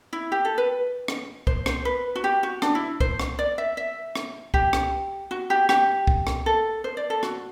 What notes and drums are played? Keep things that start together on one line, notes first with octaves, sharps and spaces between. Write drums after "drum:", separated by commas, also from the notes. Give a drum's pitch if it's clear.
E4
G4
A4
B4
drum: rim click
C5, drum: kick
C5, drum: rim click
B4
F#4
G4
F#4
D4, drum: rim click
E4
C5, drum: kick
drum: rim click
D5
E5
E5
drum: rim click
G4, drum: kick
drum: rim click
F#4
G4
G4, drum: rim click
drum: kick
drum: rim click
A4
C5
D5
A4
F#4, drum: rim click